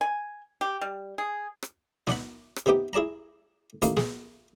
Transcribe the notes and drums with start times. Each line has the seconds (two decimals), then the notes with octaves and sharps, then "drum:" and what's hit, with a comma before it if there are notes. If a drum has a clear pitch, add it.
0.01 G#5
0.61 G4
0.81 G3
1.18 G#4
1.63 drum: rim click
2.07 D#4 D5 F#5 B5, drum: snare
2.56 drum: rim click
2.66 C3 B3 D#4 G4 G5
2.93 E4 G#4 D5 A5 A#5
3.82 A1 D#2 A#3 D#4, drum: hi-hat
3.97 G#4, drum: snare